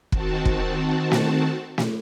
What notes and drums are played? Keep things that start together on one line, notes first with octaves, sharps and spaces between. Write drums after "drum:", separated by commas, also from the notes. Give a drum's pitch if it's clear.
D#3 C4 F#4 A5, drum: kick
drum: kick
drum: snare
drum: snare